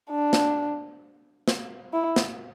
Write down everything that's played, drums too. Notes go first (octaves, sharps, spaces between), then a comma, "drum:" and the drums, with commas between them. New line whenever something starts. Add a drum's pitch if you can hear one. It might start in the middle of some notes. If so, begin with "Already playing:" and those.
D4
drum: snare
drum: snare
E4
drum: snare